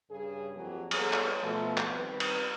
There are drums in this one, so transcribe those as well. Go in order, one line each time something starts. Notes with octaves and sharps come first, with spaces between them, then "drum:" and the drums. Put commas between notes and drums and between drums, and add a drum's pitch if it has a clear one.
G2 C#3 G#4
F2 F3 F#3 A#3 G4 G#4
G3 B3 G#4 A4 C#5, drum: cymbal
drum: clap
B2 F3 A3
drum: clap
D#3 G3 C4 B4
drum: cymbal